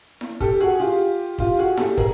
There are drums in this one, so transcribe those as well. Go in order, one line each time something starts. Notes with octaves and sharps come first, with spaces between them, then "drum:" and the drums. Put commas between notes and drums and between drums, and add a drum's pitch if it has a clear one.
drum: snare E4
G4 A4, drum: kick
F#4 G#4
F4 G4
F4 G4, drum: kick
F#4 G#4
G4 A4, drum: snare E4
G#4 A#4, drum: kick